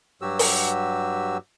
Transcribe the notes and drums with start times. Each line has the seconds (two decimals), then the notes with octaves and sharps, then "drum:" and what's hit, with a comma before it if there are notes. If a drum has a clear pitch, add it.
0.22 G2 F#3 F#4 G4 E6
0.39 drum: open hi-hat